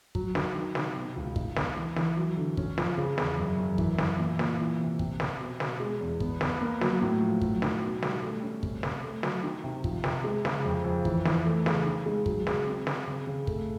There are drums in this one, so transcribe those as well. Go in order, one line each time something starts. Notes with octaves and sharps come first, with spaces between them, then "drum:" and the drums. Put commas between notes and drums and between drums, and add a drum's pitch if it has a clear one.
F#3, drum: kick
D#3, drum: snare
D#3
C3, drum: snare
B2
C#2
D#4, drum: kick
B3, drum: snare
E3
E3, drum: snare
F#3
D3
C#4, drum: kick
F3, drum: snare
C#3
E2, drum: snare
F#2
F#2
E3, drum: kick
E3, drum: snare
A#2
A#2, drum: snare
E3
C3
C3, drum: kick
C3, drum: snare
B2
B2, drum: snare
G#3
E2
B3, drum: kick
B3, drum: snare
A#3
F#3, drum: snare
A2
F3
F#3, drum: kick
D#3, drum: snare
B2
G3, drum: snare
A3
C#4
C3, drum: kick
C3, drum: snare
A3
F#3, drum: snare
D#3
C3
F3, drum: kick
C3, drum: snare
G#3
C#3, drum: snare
F2
F2
E3, drum: kick
E3, drum: snare
A3
C#3, drum: snare
D#3
G#3
F#3, drum: kick
C#3, drum: snare
C4
C4, drum: snare
C#3
C#3
A3, drum: kick